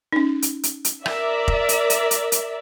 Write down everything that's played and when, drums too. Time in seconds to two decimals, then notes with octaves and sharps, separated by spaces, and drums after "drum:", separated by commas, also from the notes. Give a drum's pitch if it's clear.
0.13 C#4 D#4
0.42 drum: hi-hat
0.63 drum: hi-hat
0.85 drum: hi-hat
1.06 A#4 D5 E5, drum: rim click
1.48 drum: kick
1.69 drum: hi-hat
1.90 drum: hi-hat
2.11 drum: hi-hat
2.32 drum: hi-hat